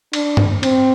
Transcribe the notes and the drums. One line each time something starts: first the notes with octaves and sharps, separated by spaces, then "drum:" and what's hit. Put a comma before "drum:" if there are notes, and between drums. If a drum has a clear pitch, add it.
D4, drum: cymbal
drum: tom G2
C4, drum: cymbal